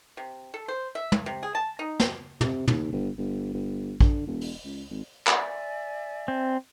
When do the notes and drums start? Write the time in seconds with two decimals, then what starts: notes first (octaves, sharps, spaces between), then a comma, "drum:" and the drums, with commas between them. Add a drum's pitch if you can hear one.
0.17 C3
0.54 A4
0.68 C5
0.95 E5
1.12 drum: tom
1.26 C3
1.43 G#4
1.55 A5
1.79 D#4
2.00 C3, drum: snare
2.41 C3, drum: tom
2.68 D#2, drum: tom
2.92 G1
3.18 G1
3.53 G1
4.00 D3, drum: kick
4.27 E1
4.41 drum: open hi-hat
4.64 C#2
4.90 G#1
5.27 D5 E5 G#5, drum: clap
6.28 C4